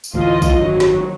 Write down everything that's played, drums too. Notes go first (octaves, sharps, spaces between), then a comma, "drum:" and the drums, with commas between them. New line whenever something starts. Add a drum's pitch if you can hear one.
drum: tambourine
D2 A2 E3 F4 D#5
drum: kick B1, tambourine
G#1 F#2 D#3 F#3
drum: snare